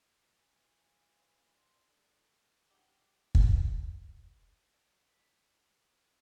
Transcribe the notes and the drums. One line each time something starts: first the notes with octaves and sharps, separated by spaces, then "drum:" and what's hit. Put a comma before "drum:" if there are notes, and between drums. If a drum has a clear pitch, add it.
E3
F4
D4 C6
D4 A4
D4 D#4 G4 D5 F#5
drum: kick
D5
B6
D4
C4